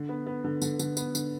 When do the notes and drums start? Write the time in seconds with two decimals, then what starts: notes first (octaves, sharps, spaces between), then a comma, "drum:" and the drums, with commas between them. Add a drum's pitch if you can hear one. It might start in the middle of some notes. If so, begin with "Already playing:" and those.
Already playing: D3
0.09 B3
0.27 B3
0.44 D3
0.62 D3, drum: tambourine
0.79 D3, drum: tambourine
0.97 B3, drum: tambourine
1.15 D3, drum: tambourine